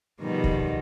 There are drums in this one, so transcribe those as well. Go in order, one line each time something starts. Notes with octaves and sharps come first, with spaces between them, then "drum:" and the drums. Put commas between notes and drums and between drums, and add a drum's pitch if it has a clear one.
B2 D#3 F3 G3 G#3 B3
drum: kick